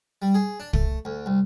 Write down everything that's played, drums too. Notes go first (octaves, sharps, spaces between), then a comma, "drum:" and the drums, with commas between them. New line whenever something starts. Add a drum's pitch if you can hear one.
G3
G#4
D4
A3, drum: kick
D2
C2